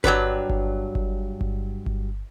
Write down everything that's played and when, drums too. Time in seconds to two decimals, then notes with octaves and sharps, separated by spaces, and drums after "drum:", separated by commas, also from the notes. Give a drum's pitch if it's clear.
0.04 G2 F#3 D4 B4, drum: kick G1
0.50 drum: kick G1
0.95 drum: kick G1
1.41 drum: kick G1
1.86 drum: kick G1